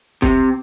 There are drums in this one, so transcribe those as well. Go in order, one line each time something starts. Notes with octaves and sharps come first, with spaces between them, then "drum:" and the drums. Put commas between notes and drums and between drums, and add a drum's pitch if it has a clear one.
C3, drum: kick